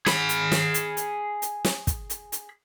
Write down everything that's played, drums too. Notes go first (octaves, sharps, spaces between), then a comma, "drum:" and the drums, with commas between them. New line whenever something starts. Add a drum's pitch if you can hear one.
G#4 B5, drum: snare
drum: hi-hat
drum: snare
drum: hi-hat
drum: hi-hat
drum: hi-hat
drum: snare
drum: kick, hi-hat
drum: hi-hat
drum: hi-hat